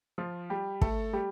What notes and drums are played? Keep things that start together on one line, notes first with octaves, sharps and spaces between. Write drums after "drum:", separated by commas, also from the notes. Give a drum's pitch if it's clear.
F3 F4
G3 G4
A3 A4, drum: kick
G3 G4